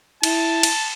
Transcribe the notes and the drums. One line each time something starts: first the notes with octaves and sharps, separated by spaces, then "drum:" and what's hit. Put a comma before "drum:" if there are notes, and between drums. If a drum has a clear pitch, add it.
E4 A5, drum: cymbal
drum: cymbal